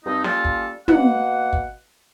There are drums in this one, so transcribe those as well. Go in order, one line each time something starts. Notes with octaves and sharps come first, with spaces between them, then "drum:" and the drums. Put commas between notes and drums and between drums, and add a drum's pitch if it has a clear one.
G2 C4 D#4
G3 A#3 C#4 F4 A4, drum: snare
drum: kick
B2 A#3 F#5, drum: tom
drum: kick